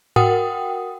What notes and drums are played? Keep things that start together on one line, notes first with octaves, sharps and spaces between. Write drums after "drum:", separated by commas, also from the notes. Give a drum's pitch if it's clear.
F#4 A#4 F#5 G5 D#6, drum: tom G#2